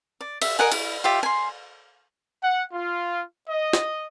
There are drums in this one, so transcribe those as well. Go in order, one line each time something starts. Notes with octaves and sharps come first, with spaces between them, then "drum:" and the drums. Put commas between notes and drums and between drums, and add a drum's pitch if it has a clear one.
D5
E5, drum: cymbal
A#4 D#5 F#5 G#5
E4, drum: cymbal
F4 G4 E5
G#5 C6
F#5
F4
D#5
drum: snare